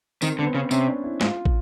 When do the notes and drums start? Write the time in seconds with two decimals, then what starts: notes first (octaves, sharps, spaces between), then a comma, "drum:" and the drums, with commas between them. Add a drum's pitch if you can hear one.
0.22 D#3 C4, drum: tambourine
0.39 D3
0.41 B3
0.46 C4
0.55 C#3
0.71 C3 C#4, drum: tambourine
0.88 D4
1.04 E4
1.21 G#2 F4, drum: snare
1.45 drum: kick